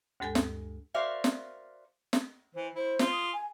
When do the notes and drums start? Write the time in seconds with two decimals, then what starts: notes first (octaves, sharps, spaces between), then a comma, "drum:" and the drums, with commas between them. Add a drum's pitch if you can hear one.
0.20 D2 G2 G#3 A4 G#5 G6
0.35 drum: snare
0.94 F#4 A#4 C5 D5 E5 F5
1.24 drum: snare
2.13 drum: snare
2.55 E3 C5
2.75 E4 C5
2.99 F4, drum: snare
3.12 D#6
3.33 G#5